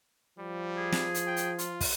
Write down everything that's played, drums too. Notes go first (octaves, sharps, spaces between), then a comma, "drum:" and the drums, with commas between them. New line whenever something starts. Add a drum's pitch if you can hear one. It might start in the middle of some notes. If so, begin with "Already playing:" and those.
F3 G3
G#4
drum: snare
drum: hi-hat
G5
drum: hi-hat
F4, drum: hi-hat
drum: kick, open hi-hat